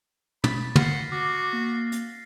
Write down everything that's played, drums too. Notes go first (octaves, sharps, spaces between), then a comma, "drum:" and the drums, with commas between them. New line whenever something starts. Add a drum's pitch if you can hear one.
B5 A6 B6, drum: tom
F#5 F6 A#6 C7, drum: tom
F#4 D6
A#3
drum: hi-hat